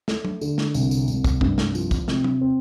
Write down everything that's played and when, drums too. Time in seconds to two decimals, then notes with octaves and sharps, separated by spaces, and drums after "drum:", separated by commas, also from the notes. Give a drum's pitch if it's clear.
0.08 A3, drum: snare
0.25 drum: tom F#3
0.41 D3, drum: tambourine
0.58 drum: snare
0.74 C2, drum: tambourine
0.91 drum: tambourine
1.08 C2, drum: tambourine
1.24 drum: kick, tambourine
1.41 G2, drum: kick
1.58 drum: snare
1.75 F3, drum: tambourine
1.91 drum: kick, tambourine
2.08 C3, drum: snare
2.24 drum: tom F#3
2.41 C4